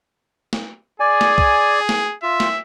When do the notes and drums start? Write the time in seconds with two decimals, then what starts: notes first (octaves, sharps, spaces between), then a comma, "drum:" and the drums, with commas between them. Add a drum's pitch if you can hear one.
0.53 drum: snare
1.00 G#4 D5 G#5
1.21 drum: snare
1.38 drum: kick B1
1.89 drum: snare
2.23 F4 E5
2.40 drum: snare